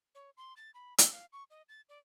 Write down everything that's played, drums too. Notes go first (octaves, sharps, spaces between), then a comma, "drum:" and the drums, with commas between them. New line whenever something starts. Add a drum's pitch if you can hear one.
C#5
C6
A6
B5
E6, drum: hi-hat
F5
C#6
D#5
A6
D5